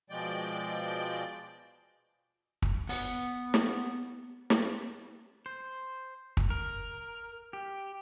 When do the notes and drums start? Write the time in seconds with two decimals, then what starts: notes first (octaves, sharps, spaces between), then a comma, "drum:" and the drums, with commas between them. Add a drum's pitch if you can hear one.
0.10 B2 F3 G#3 D5 G5
2.62 drum: kick
2.89 B3 F#5, drum: open hi-hat
3.54 drum: snare
4.50 drum: snare
5.46 C5
6.37 drum: kick
6.50 A#4
7.53 G4